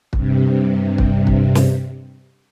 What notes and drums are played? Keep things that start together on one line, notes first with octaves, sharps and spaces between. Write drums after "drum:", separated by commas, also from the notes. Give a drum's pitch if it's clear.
G2 C3, drum: kick
drum: kick
drum: kick
drum: snare